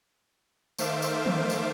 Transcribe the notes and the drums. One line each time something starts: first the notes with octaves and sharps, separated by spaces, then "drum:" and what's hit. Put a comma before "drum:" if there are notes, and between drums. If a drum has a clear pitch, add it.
D#3 A3 C5 E5 F5 D6, drum: tambourine
drum: tambourine
drum: tom D#3
drum: tambourine